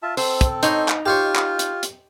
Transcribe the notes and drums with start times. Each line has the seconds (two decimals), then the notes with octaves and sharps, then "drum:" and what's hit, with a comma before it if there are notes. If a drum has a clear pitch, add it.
0.03 F4 E5 A5
0.17 C4 A4 C5, drum: open hi-hat
0.41 drum: kick, hi-hat
0.63 D#4 C5 C#5, drum: hi-hat
0.88 drum: clap
1.06 F4 G4 C5 C#5
1.36 drum: clap
1.59 drum: hi-hat
1.83 drum: hi-hat